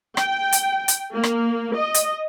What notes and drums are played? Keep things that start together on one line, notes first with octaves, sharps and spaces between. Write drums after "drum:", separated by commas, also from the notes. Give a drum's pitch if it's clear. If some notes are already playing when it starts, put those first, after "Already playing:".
G5, drum: rim click
drum: hi-hat
drum: hi-hat
A#3
drum: rim click
D#5
drum: hi-hat